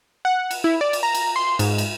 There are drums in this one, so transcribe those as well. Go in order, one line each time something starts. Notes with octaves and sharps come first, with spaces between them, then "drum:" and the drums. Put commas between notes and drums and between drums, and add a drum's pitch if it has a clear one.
F#5
drum: cymbal
E4
D5
drum: cymbal
A#5
drum: cymbal
C6
G#2, drum: cymbal
drum: cymbal